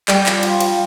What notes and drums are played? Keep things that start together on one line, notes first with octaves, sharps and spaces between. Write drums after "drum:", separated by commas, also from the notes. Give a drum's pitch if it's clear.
G3 G4, drum: clap
F3, drum: clap
F4, drum: cymbal
F3, drum: cymbal